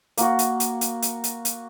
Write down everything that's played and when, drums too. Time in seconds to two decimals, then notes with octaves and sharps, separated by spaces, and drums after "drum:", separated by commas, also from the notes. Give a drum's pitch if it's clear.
0.17 A#3 F#4, drum: hi-hat
0.39 drum: hi-hat
0.60 drum: hi-hat
0.81 drum: hi-hat
1.02 drum: hi-hat
1.24 drum: hi-hat
1.45 drum: hi-hat